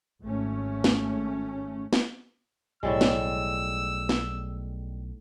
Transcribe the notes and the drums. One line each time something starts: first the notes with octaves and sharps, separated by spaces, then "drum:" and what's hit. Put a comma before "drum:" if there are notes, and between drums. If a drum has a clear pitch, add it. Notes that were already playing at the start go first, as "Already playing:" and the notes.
G#1 A3 C#4
drum: snare
drum: snare
B1 A2 G3 G#3 E6
drum: snare
drum: snare